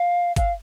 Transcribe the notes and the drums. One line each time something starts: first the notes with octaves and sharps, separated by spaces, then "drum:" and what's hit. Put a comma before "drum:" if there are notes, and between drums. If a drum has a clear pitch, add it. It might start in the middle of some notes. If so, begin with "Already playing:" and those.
Already playing: F5
F5, drum: kick, hi-hat